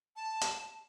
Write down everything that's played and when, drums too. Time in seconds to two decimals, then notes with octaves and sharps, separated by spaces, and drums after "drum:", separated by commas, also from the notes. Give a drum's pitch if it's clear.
0.16 A5
0.41 drum: hi-hat